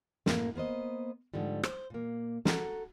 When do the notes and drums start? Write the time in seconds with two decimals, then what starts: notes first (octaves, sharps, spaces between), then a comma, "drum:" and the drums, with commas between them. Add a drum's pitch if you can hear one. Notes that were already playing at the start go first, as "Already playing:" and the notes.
0.26 F#2 A2 A#3, drum: snare
0.55 A#3 B3 C5 D#5
1.34 G#2 D3 F3 G3
1.63 C5, drum: rim click
1.90 A#2 A#3
2.45 F#4 A4 A#5, drum: snare